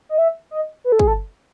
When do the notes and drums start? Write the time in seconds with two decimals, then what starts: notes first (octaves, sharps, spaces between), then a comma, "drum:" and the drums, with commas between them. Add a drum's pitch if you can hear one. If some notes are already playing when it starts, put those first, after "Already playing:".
0.09 D#5
0.18 E5
0.51 D#5
0.84 B4
0.92 A4
0.99 G#4, drum: kick
1.07 A4